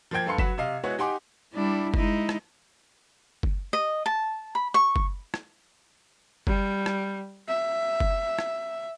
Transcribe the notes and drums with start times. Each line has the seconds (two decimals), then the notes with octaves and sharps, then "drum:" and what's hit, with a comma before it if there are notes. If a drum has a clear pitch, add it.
0.11 F3 A#3 C5 G5 G#6
0.26 G2 A4 B4 F5 C6 C#7
0.38 F#3 B4 F#5 B6 E7, drum: kick F#1
0.58 C3 D#5 F5
0.83 G#3 B3 E4 F#4 C#5
0.98 D#4 G4 F#5 G#5 C6 D6
1.53 G3 D4 E4
1.94 G#3 D#4 E4, drum: kick F#1
2.29 drum: rim click
3.43 drum: kick F#1
3.73 D#5
4.06 A5
4.55 B5
4.74 C#6
4.96 drum: kick F#1
5.34 drum: rim click
6.47 G3, drum: kick F#1
6.86 drum: rim click
7.48 E5
8.00 drum: kick F#1
8.39 drum: rim click